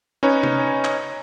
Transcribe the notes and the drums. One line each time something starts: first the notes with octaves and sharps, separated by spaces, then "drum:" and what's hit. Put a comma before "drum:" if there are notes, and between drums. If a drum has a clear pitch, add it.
C#4 D#4 B4 C#5
drum: tom C3
drum: clap